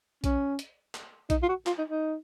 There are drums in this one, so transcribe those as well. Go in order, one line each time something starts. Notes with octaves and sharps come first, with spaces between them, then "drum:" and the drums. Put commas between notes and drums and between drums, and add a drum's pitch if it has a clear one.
C#4, drum: kick A#1, hi-hat
drum: hi-hat
drum: clap
D#4, drum: kick A#1, hi-hat
F4
F#4
F4, drum: clap
D#4
D#4